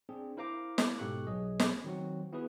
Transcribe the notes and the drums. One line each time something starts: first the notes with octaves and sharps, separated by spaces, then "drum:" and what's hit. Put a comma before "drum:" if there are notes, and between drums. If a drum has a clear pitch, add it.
C4 D4 G#4
E4 A#4 C5 F5 A#5 D6
drum: snare
G#2 B2 G4 A4 C#6 F#6
B1 F#3 G#4 D#5
drum: snare
D#3 F#3 C4 F#4
B3 E4 F#4 G#4 B4